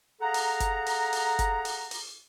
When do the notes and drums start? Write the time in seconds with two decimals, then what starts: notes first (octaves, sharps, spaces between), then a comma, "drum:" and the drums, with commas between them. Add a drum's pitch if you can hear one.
0.21 G#4 A4 F5 F#5 A#5
0.34 drum: open hi-hat
0.60 drum: kick F#1, hi-hat
0.86 drum: open hi-hat
1.13 drum: open hi-hat
1.39 drum: kick F#1, hi-hat
1.65 drum: open hi-hat
1.91 drum: open hi-hat